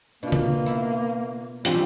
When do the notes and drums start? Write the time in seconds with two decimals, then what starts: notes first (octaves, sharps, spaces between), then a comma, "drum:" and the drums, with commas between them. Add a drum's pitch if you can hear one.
0.23 B2 A#3 D4 F4
0.32 drum: tom C#3
0.66 B3 E4
1.65 B2 E3 F3 G3 C4 D4 F4 G4, drum: hi-hat